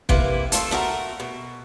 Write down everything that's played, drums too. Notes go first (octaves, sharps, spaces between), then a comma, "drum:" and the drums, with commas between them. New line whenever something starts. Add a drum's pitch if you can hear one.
C3 A#3 E4 B4, drum: kick
A3 F4 A4, drum: hi-hat
A3 D4 F#4 A#4
B2